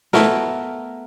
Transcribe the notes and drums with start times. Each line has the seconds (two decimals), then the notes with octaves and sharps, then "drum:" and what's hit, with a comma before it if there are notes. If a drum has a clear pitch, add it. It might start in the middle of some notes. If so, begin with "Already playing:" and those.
0.13 A3 B3 E4 A#4, drum: snare